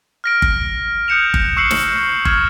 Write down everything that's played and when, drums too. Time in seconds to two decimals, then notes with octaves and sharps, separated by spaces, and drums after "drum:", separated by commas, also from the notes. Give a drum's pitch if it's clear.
0.24 F6 A#6 D7
0.42 drum: kick G1
1.08 D#6 F#6 G6 C#7 E7 F7
1.34 drum: kick G1
1.57 C#6 E6 F#6 C7 C#7 F#7
1.70 drum: snare
2.25 C#6 F6 G#6, drum: kick G1